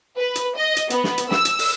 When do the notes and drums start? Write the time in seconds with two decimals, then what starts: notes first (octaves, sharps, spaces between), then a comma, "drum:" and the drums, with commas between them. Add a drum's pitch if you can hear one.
0.17 B4
0.35 drum: hi-hat
0.57 D#5
0.77 drum: hi-hat
0.90 B3, drum: hi-hat
1.04 drum: snare
1.18 drum: hi-hat
1.31 E6, drum: snare
1.45 drum: hi-hat
1.59 drum: open hi-hat